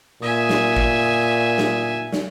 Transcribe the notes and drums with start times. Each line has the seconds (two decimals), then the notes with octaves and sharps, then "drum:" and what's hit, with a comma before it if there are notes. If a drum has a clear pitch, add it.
0.22 A#2 E5 G#5 D#6
0.49 drum: snare
0.76 drum: kick
1.58 drum: snare
2.12 drum: snare